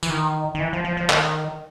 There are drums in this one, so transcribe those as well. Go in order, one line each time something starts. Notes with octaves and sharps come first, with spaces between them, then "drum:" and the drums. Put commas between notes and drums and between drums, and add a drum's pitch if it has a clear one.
E3, drum: tambourine
D#3
D#3
E3
F3
F3
F3
D#3, drum: clap